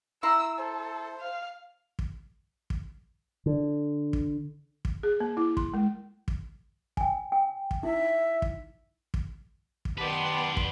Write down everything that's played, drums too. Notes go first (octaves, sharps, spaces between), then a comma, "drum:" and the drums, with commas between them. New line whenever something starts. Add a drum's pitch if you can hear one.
E4 A#5 C6 E6
A4 C5
F5
drum: kick
drum: kick
D3
drum: kick
drum: kick
G#4
A#3
E4
C6, drum: kick
G#3
drum: kick
G5 G#5, drum: kick
G5
drum: kick
D#4 E4 E5
drum: kick
drum: kick
drum: kick
D#3 B3 G4 B4 D5 A5 C6
drum: kick